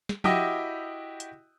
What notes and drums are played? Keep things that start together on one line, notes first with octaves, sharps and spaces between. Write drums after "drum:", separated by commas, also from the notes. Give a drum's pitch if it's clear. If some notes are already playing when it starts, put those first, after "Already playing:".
drum: snare
E4 F#4 G4 D#5 G5 D#6, drum: tom F3
drum: hi-hat